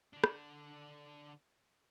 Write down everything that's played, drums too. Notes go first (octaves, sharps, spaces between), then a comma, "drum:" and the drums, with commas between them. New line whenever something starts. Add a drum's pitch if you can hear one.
D3 D4
drum: rim click